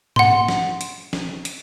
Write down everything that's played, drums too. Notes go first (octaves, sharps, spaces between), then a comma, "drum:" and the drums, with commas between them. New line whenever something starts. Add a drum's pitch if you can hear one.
F#5 C6, drum: tom G#2
drum: snare
drum: hi-hat
drum: snare
drum: hi-hat